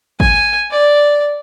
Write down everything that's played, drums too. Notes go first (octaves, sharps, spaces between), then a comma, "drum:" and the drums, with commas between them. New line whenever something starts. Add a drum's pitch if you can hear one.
G#5, drum: kick G1
D5